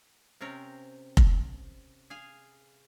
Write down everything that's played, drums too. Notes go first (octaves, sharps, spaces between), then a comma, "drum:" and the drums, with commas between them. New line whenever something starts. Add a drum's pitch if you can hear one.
C3 C4 C#4 A#4
drum: kick F1
G#4 F5 G#5